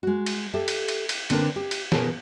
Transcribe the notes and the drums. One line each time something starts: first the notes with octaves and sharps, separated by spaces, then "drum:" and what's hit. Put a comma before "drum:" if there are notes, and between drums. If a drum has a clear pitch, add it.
G#3 F#4
drum: cymbal
G4 A4 E5
drum: cymbal
drum: cymbal
drum: cymbal
D3 B3 C4 D4 A#4 B4, drum: cymbal
G4
drum: cymbal
B2 G#4 A#4 A5, drum: snare